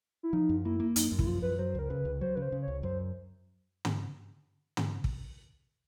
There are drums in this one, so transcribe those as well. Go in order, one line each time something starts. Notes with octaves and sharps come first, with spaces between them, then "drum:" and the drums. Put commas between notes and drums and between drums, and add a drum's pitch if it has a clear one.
E4
F3 D#4
F#2
A#3 E4
A#3
F#2 D#4, drum: hi-hat
F#2
E4, drum: kick
F3 F4
F#2 B4
F#3 C5
C#2 A#4
C#3 B4
C#2
F#3 C5
C#3 B4
C5
C#3
C#5
C#2
F#2 C5
drum: tom
drum: tom
drum: kick